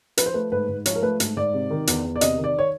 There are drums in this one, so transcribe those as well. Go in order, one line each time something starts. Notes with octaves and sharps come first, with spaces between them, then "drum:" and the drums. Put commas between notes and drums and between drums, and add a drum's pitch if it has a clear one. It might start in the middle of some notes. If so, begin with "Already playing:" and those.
F3 B4, drum: hi-hat
C5
A3 B4
G#2 B4
G#2
F3 C#5, drum: hi-hat
A#4
A3 B4
G#2, drum: hi-hat
G#2 D5
C3
D#3
E2, drum: hi-hat
E2
D5
C3 D#5, drum: hi-hat
D#3
D5
C#5